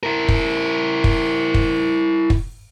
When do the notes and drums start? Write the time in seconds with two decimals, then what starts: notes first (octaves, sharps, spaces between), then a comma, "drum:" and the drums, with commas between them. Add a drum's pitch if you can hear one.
0.03 E4 A#4
0.28 drum: kick
1.04 drum: kick
1.54 drum: kick
2.30 drum: kick